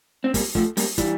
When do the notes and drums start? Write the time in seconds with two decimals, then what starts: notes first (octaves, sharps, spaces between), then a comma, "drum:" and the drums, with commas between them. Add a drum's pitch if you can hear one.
0.24 C4
0.34 G3 A#3, drum: kick, open hi-hat
0.55 F3 A3, drum: kick
0.77 G3 A#3, drum: open hi-hat
0.98 E3 G3, drum: kick, hi-hat